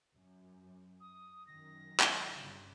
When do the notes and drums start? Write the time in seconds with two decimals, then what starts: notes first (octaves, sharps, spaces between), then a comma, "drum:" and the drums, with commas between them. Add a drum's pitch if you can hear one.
0.15 F#2
1.00 D#6
1.47 F#2 D#3 A#6
2.00 drum: clap
2.32 G1 C#3 G3